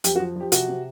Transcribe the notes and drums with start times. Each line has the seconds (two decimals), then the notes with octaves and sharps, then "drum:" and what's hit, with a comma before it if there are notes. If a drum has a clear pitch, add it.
0.04 F2 G4, drum: hi-hat
0.16 F#4
0.19 F3
0.36 F3 G4
0.52 C3 F#4, drum: hi-hat
0.68 C3